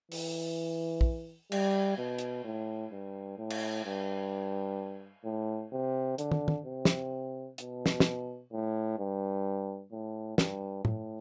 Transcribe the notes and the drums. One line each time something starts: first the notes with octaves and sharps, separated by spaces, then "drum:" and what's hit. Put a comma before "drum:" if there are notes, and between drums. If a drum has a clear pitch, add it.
E3, drum: open hi-hat
drum: kick
G3, drum: cymbal
B2
drum: hi-hat
A2
G2
A2
drum: cymbal
G2
A2
C3
D3, drum: hi-hat
drum: tom
drum: tom
C3
drum: snare
B2, drum: hi-hat
drum: snare
drum: snare
A2
G2
A2
G2, drum: snare
A2, drum: tom